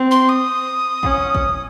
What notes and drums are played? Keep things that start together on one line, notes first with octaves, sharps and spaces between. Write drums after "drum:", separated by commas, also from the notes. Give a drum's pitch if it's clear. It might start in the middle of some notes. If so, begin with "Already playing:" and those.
Already playing: C4
C6
D#6
C#4, drum: kick
drum: kick